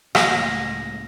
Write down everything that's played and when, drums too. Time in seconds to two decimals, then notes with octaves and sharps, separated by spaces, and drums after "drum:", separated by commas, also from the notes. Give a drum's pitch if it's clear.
0.15 C#2 A2 A#3 A#6, drum: rim click